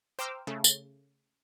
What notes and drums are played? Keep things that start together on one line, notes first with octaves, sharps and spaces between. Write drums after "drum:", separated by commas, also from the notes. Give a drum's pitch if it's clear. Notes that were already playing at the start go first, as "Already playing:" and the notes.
C5 G5 A#5 D6 E6 F6
C#3 A3
drum: tambourine